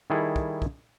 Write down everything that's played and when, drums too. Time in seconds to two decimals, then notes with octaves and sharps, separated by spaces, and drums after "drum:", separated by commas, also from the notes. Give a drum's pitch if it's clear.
0.10 D#3 G3 E4 G#4 A4
0.36 drum: kick
0.62 drum: kick